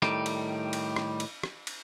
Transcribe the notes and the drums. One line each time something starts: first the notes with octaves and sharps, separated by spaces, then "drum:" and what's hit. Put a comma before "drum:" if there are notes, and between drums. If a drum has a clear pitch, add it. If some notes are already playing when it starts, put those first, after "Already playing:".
A2 D#3 G3, drum: rim click
drum: cymbal
drum: cymbal
drum: rim click
drum: cymbal
drum: rim click
drum: cymbal